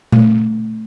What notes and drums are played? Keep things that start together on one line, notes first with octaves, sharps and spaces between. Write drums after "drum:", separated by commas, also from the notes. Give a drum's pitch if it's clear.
A3, drum: tom A#2